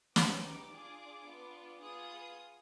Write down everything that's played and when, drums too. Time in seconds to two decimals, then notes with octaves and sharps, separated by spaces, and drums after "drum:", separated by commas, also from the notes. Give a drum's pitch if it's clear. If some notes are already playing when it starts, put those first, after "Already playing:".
0.16 B3 D#4 G4 D6, drum: snare
0.71 D4 F4 G#4
1.26 B3 D4 F4
1.80 B3 F4 G#4 D#6